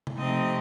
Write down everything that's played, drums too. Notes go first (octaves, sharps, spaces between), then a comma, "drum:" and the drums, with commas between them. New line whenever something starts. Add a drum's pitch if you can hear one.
drum: tom
C3 F3 A3 C4 D#4 D#5